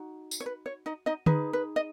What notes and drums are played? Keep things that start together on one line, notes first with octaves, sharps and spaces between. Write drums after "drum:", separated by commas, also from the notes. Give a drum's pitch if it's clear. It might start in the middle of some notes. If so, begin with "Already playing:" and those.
Already playing: D#4 F#4
drum: tambourine
C#5
B4
C#5
D#4 D#5
D#4 D#5
D#4 G#4 B4, drum: tom D3
B4
D#5